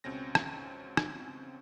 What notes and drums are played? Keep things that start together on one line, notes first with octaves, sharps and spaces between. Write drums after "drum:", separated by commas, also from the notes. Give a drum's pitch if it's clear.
C#2 B2 C4 C#4 A#6
drum: rim click
drum: rim click